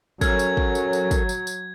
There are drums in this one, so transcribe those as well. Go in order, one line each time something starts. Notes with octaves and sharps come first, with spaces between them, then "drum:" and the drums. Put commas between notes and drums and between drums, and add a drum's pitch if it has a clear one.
F#3 C#4 A4 A#4 G#6, drum: kick, tambourine
drum: tambourine
drum: kick
drum: tambourine
drum: tambourine
drum: kick, tambourine
drum: tambourine
drum: tambourine